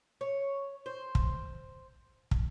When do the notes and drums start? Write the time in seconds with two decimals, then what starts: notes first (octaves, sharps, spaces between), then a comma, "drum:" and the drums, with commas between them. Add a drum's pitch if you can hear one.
0.21 C#5
0.86 C5
1.15 drum: kick
2.31 drum: kick